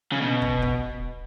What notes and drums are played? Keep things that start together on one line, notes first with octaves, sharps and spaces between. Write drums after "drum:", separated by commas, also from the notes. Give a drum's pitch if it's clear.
C#3
B2
drum: kick
drum: kick